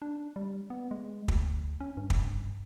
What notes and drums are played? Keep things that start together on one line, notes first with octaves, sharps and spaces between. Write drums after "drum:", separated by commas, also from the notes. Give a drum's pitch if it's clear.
D4
G3
B3
G#3
D2, drum: kick
C#4
G2
drum: kick